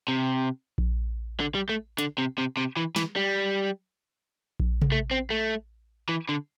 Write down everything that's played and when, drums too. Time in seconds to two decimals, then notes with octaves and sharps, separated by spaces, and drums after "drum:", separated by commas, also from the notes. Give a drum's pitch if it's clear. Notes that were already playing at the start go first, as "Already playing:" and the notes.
0.08 C3
0.78 drum: kick A#1
1.40 D3
1.55 G3
1.69 A3
1.98 D3, drum: hi-hat
2.18 C3
2.38 C3
2.57 C3
2.77 E3
2.96 E3, drum: snare
3.16 G3
4.60 drum: kick A#1
4.82 drum: tom C3
4.92 A3
5.11 C4
5.30 A3
6.09 E3
6.29 D3